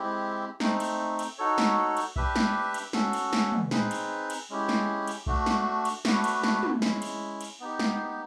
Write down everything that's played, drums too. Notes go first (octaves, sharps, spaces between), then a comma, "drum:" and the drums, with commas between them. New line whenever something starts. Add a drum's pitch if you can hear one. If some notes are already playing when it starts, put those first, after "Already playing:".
Already playing: G#3 C4 E4 G4
A3 C4 D#4, drum: snare
drum: cymbal
drum: cymbal
D#4 F#4 A4 C#5
drum: snare
drum: cymbal
D4 G4 B4 E5, drum: kick B1
drum: snare
drum: cymbal
C#4 F#4 A4, drum: snare
drum: cymbal
drum: snare
drum: tom
C4 D#4 G#4 B4, drum: snare
drum: cymbal
drum: cymbal
G#3 C#4 E4 G4
drum: snare
drum: cymbal
A3 D4 F#4, drum: kick B1
drum: snare
drum: cymbal
A3 D4 F#4 B4, drum: snare
drum: cymbal
drum: snare
drum: tom
G#3 C#4 E4, drum: snare
drum: cymbal
drum: cymbal
B3 D#4 G4
drum: snare